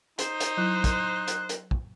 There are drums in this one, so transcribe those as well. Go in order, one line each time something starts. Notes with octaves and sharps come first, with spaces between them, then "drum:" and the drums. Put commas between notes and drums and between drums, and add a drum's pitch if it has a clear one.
D#4 C5, drum: hi-hat
drum: hi-hat
F#3 E4 F#6
drum: kick, hi-hat
drum: hi-hat
drum: hi-hat
drum: kick